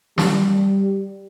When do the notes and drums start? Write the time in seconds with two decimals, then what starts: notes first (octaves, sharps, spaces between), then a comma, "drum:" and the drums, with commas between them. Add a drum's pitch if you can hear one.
0.18 G3, drum: snare